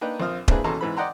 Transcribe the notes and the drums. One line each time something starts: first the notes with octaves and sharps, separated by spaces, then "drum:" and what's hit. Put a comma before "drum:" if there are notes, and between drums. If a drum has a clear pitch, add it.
A#3 D4 D#4 B4 G5
A#1 C4 F4 D#6 F6
A#3 C4 D4 E4 G#4 B4, drum: kick D#1
E2 B2 C#4 A4 A#5 C6
G#2 E3 C4 B5
D5 D#5 F#5 G5 A#5 C6